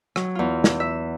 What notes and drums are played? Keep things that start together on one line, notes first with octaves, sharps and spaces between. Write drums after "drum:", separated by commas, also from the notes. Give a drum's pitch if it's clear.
F#3, drum: rim click
E2 F4
drum: snare
E5